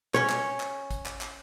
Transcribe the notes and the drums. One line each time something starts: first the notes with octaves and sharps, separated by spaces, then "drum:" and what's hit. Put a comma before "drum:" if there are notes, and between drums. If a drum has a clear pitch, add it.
C#4 C#5, drum: clap
drum: clap
drum: clap
drum: kick, hi-hat
drum: clap
drum: clap